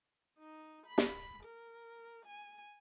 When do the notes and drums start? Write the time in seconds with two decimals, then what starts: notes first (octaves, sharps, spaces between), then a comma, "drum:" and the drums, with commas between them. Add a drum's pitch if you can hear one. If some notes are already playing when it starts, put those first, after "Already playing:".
0.38 D#4
0.86 B5
0.98 drum: snare
1.43 A#4
2.25 G#5